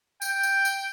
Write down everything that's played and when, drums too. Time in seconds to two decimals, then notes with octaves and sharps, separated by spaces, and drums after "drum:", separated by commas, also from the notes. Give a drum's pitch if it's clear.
0.22 G5, drum: tambourine
0.43 drum: tambourine
0.65 drum: tambourine